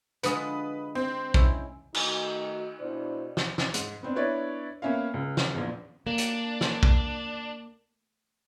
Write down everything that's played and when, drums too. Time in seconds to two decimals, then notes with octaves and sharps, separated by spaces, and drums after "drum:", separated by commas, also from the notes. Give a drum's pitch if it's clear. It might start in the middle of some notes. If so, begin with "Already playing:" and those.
0.23 D3 G#3 F4 B4 D#6, drum: hi-hat
0.95 C4
1.34 G#3 C#4 E4, drum: kick B1
1.94 D#3 A3 D#4 F#4, drum: cymbal
2.80 B2 D4 E4 C5 D5
3.37 drum: snare
3.58 drum: snare
3.74 G#2, drum: hi-hat
4.03 B3 C4 D4
4.15 B3 D4 E4 B4 C#5 D5
4.82 A#3 B3 C#4 E5 F5
5.14 C#2
5.37 drum: snare
5.55 A#1 E2
6.07 A#3 D4
6.18 drum: hi-hat
6.61 drum: snare
6.83 drum: kick B1